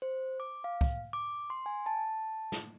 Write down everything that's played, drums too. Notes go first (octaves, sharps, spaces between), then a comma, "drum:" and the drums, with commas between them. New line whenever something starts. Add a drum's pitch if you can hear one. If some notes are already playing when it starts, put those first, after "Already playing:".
C5
D6
F5
drum: kick
D6
C6
G#5
A5
drum: snare